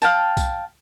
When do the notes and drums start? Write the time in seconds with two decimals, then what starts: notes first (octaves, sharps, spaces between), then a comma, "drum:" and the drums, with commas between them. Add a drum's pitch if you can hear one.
0.02 F5 G5 A5, drum: tambourine
0.37 drum: kick B1, tambourine